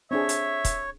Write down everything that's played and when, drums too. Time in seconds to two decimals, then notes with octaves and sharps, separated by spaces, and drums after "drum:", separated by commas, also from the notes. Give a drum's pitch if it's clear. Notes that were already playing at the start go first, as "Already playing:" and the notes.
0.11 C4 D4 G#4 C#5 E5
0.29 drum: hi-hat
0.65 drum: kick, hi-hat